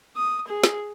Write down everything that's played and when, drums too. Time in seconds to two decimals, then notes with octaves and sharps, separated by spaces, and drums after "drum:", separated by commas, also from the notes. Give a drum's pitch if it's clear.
0.16 D#6
0.48 G#4
0.64 drum: snare